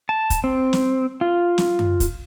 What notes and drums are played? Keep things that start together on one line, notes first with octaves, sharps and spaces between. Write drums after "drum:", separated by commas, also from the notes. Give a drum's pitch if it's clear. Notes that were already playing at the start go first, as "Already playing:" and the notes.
A5
drum: kick, hi-hat
C4
drum: snare
F4
drum: snare
drum: tom F#2
drum: kick, hi-hat